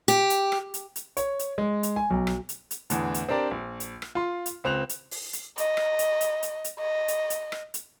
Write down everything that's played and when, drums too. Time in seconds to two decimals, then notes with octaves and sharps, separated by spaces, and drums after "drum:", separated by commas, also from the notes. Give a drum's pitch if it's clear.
0.08 G4, drum: hi-hat
0.30 drum: hi-hat
0.52 drum: rim click
0.74 drum: hi-hat
0.96 drum: hi-hat
1.17 C#5, drum: hi-hat
1.39 drum: hi-hat
1.58 G#3
1.83 drum: hi-hat
1.96 G#5
2.10 B1
2.27 drum: rim click
2.49 drum: hi-hat
2.71 drum: hi-hat
2.90 E2 A2 D3, drum: hi-hat
3.14 drum: hi-hat
3.29 C4 D4 G4 A#4 D5
3.51 A#1
3.80 drum: hi-hat
4.02 drum: rim click
4.15 F4 C6
4.46 drum: hi-hat
4.64 C#2 C4 F#6 F7
4.89 drum: hi-hat
5.11 drum: open hi-hat
5.33 drum: hi-hat
5.58 D#5, drum: hi-hat
5.77 drum: rim click
5.99 drum: hi-hat
6.21 drum: hi-hat
6.43 drum: hi-hat
6.64 drum: hi-hat
6.79 D#5
7.08 drum: hi-hat
7.30 drum: hi-hat
7.52 drum: rim click
7.74 drum: hi-hat